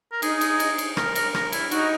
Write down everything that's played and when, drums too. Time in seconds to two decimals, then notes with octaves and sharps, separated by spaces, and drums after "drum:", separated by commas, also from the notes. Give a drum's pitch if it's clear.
0.12 A#4
0.22 D#4 G#4, drum: cymbal
0.41 drum: cymbal
0.60 drum: cymbal
0.78 drum: cymbal
0.97 A#4, drum: rim click
1.15 A#4, drum: cymbal
1.34 A#4, drum: rim click
1.52 E4, drum: cymbal
1.71 D#4 F#4, drum: cymbal